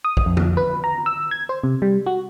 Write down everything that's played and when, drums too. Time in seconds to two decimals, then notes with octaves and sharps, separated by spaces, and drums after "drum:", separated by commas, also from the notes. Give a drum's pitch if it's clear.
0.05 D#6
0.17 drum: kick A#1
0.26 F2
0.37 drum: tom D3
0.57 B4
0.84 A#5
1.06 E6
1.31 G#6
1.49 C5
1.64 C3
1.82 G3
2.06 F#4